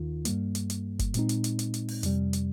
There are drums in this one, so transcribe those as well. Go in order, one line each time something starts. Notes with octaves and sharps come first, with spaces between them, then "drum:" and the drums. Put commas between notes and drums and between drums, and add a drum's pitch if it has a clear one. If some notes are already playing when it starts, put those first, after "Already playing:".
Already playing: D#2 D#3 F4
G2 G3 A#3, drum: hi-hat
drum: hi-hat
drum: hi-hat
drum: kick F#1, hi-hat
A#2 G#3 C4 D#4, drum: hi-hat
drum: hi-hat
drum: hi-hat
drum: hi-hat
drum: hi-hat
drum: open hi-hat
F2 C3 G3, drum: hi-hat
drum: hi-hat